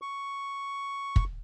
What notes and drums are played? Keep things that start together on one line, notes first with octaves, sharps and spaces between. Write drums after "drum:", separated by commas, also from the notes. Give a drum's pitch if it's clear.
C#6
drum: kick